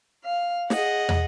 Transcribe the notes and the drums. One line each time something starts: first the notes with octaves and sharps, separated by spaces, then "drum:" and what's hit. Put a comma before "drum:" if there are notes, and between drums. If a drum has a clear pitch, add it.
F5
G#4 D#5 F#5, drum: snare
drum: tom